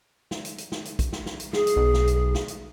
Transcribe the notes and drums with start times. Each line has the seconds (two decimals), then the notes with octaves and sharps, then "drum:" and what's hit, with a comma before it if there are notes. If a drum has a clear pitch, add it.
0.31 drum: snare
0.45 drum: hi-hat
0.58 drum: hi-hat
0.72 drum: snare
0.85 drum: hi-hat
0.99 drum: kick, hi-hat
1.13 drum: snare
1.26 drum: snare
1.40 drum: hi-hat
1.53 G#4, drum: snare
1.67 drum: hi-hat
1.77 B1
1.94 drum: snare
2.07 drum: hi-hat
2.35 drum: snare
2.48 drum: hi-hat